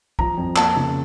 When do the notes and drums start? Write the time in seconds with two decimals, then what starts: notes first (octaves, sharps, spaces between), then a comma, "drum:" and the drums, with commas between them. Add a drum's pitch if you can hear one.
0.19 F3 A#5, drum: kick
0.37 F2
0.56 A#3 A5, drum: clap
0.76 C#3